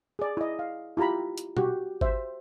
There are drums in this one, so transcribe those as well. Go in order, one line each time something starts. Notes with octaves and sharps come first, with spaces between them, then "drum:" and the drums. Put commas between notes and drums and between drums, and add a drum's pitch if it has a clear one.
G#4 D5
E4 D#5
F5
E4 F4 G4 A#5 B5
drum: hi-hat
F#4 G4, drum: tom B2
C5 E5, drum: kick G#1